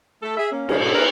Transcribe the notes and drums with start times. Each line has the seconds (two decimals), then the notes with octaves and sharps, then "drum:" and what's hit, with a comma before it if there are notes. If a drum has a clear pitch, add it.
0.23 A3 A4
0.37 G#4 E5
0.52 A#3 C#4
0.69 F2 C#3 G3 G#3 G#4 A#4, drum: cymbal
0.81 G#2 B2 A4
0.94 B3 E4 G#4 A#4 B4